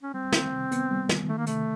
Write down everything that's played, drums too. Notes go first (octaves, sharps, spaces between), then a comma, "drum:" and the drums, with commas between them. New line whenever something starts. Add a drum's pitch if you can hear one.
C#4
G3 C4
D#3, drum: snare
C3
B3, drum: hi-hat
G3
D#3, drum: snare
D#3 A3
A#3
C3 A3, drum: hi-hat